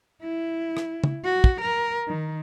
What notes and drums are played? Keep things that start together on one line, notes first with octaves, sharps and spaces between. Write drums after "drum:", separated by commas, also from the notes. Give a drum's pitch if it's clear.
E4
drum: rim click
drum: tom
F#4
drum: kick
A#4
D#3